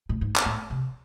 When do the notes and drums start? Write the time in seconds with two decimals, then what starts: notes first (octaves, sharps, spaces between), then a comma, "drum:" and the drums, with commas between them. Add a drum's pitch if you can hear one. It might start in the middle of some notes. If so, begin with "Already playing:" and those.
0.09 A2
0.21 G#2
0.36 drum: clap
0.46 A2
0.70 C3